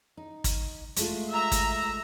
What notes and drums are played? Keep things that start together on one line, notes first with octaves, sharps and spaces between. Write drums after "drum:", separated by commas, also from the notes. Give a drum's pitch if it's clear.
D#4
drum: kick, hi-hat
G#3 A3 F4, drum: hi-hat
E5 A#5
drum: kick, hi-hat